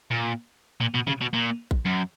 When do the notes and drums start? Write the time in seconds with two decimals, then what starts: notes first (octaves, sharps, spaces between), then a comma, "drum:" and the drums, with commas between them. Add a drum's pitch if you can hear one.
0.11 A#2
0.81 A#2
0.94 B2
1.07 C#3, drum: tom A#2
1.21 B2
1.33 A#2
1.71 drum: kick A#1
1.86 F#2